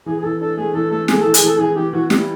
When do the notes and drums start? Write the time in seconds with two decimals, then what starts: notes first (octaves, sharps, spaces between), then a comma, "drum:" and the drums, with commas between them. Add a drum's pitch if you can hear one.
0.06 E3 G#4
0.18 G#4
0.23 E3 A4
0.40 D4 A4
0.57 A3 G#4
0.74 E3 A4
0.91 A3 A4
1.08 A3 G#4, drum: snare
1.21 A4
1.25 E3
1.34 G#4, drum: hi-hat
1.42 E3 A4
1.59 E3 G#4
1.76 E3 G4
1.93 E3 F#4
2.10 G3 E4, drum: snare